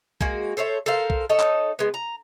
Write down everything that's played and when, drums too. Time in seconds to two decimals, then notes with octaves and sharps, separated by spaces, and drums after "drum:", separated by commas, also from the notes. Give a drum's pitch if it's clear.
0.21 G#3 A#3 F#4, drum: kick B1
0.57 A4 C5 C#5 E5
0.86 A4 A#4 C5 F5
1.10 drum: kick B1
1.29 D#4 A4 C#5 D#5
1.40 drum: clap
1.79 G#3 B3
1.94 A#5